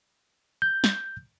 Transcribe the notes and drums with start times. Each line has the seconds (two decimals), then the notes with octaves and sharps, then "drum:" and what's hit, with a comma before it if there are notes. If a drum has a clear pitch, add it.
0.62 G6
0.84 drum: snare